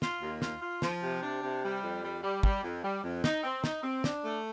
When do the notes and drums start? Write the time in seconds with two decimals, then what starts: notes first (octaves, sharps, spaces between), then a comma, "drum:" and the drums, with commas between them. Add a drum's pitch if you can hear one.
0.02 F4, drum: snare
0.21 D#2
0.42 F4, drum: snare
0.62 F4
0.82 F3, drum: snare
1.02 C3
1.22 D4
1.42 C3
1.62 G3
1.83 F2
2.03 G3
2.22 G3
2.43 G3, drum: kick
2.63 F2
2.84 G3
3.04 F2
3.24 D#4, drum: snare
3.44 C4
3.64 D#4, drum: snare
3.83 C4
4.04 D4, drum: snare
4.24 A3